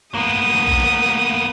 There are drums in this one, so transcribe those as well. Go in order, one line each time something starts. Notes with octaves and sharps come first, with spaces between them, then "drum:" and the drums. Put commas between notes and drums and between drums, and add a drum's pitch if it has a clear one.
A#3 B3 D#6
drum: snare
drum: kick A#1
drum: snare
drum: snare